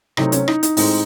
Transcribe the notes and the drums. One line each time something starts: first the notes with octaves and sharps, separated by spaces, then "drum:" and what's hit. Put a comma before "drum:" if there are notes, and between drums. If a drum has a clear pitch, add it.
C3 F#3 A3 C4 D#4, drum: rim click
C#4, drum: hi-hat
D#4, drum: rim click
D#4, drum: hi-hat
A2 G#3 C4 D#4, drum: open hi-hat